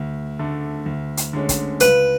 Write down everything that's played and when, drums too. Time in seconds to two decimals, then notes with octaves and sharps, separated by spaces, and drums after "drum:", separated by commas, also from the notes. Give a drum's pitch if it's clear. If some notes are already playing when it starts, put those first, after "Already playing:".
Already playing: D2
0.39 D3 A3
0.86 D2
1.17 drum: hi-hat
1.33 D3 G#3 C#4
1.49 drum: kick, hi-hat
1.80 C#2 B4, drum: hi-hat